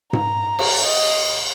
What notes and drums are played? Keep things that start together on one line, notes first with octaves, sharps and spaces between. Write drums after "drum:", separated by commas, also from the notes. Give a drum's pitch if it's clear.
A#5, drum: tom G#2
drum: cymbal
D#5